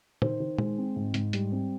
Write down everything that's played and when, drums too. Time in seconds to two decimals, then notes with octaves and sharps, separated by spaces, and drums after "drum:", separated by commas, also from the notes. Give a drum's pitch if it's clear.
0.22 D#3 C5, drum: tom
0.40 D#3
0.58 G#3, drum: tom
0.78 C4
0.96 G#2
1.14 G#2, drum: hi-hat
1.33 G3, drum: hi-hat
1.52 C4